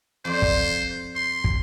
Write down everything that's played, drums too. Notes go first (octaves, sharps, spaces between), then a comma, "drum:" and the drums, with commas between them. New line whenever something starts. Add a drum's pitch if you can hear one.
F2 C5 D5
drum: kick
C6
drum: kick